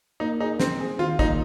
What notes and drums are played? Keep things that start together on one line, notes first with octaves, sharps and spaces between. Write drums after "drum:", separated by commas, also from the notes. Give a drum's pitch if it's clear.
A#3 D#4
D#4 G#4
C4 G#4, drum: snare
G#4
D#3 F4
A#3 D#4, drum: kick